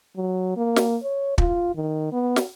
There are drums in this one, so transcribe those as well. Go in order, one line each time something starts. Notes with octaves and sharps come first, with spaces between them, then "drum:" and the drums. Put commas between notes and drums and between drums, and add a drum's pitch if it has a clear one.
F#3
A#3
drum: snare
C#5
F4, drum: kick
D#3
B3
drum: snare